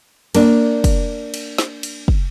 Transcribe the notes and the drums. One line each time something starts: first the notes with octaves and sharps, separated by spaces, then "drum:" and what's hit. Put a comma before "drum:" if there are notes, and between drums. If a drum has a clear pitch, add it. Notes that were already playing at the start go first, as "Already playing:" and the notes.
A#3 D4, drum: cymbal
drum: kick, cymbal
drum: cymbal
drum: snare
drum: cymbal
drum: kick